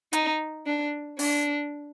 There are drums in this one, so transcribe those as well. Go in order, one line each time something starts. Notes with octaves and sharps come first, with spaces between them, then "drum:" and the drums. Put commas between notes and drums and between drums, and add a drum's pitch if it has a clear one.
D#4, drum: hi-hat
D4
D4, drum: open hi-hat